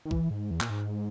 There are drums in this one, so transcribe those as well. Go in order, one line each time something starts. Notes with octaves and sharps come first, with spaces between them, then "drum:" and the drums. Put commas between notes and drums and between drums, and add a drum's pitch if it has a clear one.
D#3
E3, drum: kick
G#2
E2
A#2, drum: clap
G#2